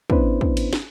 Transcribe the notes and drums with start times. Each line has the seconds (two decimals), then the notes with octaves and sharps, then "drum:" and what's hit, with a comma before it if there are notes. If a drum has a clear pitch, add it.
0.10 B3 C#4 D4 E4 B4 C5, drum: kick
0.41 drum: kick
0.57 drum: cymbal
0.73 drum: snare